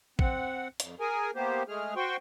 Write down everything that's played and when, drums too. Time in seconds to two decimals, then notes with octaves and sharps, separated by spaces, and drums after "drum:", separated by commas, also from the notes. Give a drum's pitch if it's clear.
0.19 C4 F#5, drum: kick
0.80 F2, drum: hi-hat
1.00 G#4 A#4 G#5
1.35 A#3 B3 G4 C5
1.68 G#3 A3 G#4 F6
1.96 F#4 C5 G5 C6 C#6